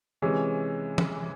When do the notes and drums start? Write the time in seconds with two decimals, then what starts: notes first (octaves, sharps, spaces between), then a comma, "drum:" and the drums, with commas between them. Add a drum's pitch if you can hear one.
0.22 C3 E3 G#3 C#4
0.98 drum: tom